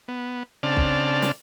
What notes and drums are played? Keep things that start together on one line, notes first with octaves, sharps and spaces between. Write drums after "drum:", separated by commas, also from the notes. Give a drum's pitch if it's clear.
B3
C#3 C4 D4 D5 A5 F6
drum: kick
drum: snare